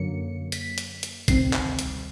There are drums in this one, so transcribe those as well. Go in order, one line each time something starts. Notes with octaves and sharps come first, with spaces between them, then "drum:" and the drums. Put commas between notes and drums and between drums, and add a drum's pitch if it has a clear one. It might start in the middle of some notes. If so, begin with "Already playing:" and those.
Already playing: F#2 D3 F#3 A#3 C#7
B6, drum: hi-hat
drum: hi-hat
drum: hi-hat
D2 C3 D#3 G3 C4 C7, drum: kick G#1, hi-hat
drum: clap
drum: hi-hat